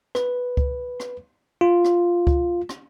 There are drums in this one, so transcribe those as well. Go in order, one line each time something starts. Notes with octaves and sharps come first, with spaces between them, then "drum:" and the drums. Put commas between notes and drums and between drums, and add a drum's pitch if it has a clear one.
B4, drum: rim click
drum: kick C#2
drum: rim click
F4
drum: rim click
drum: kick C#2
drum: rim click